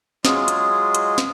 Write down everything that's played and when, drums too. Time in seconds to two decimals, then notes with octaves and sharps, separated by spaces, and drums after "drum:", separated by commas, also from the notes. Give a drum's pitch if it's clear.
0.25 F#3 G#3 F4 G#4, drum: snare
0.48 drum: hi-hat
0.95 drum: hi-hat
1.18 drum: snare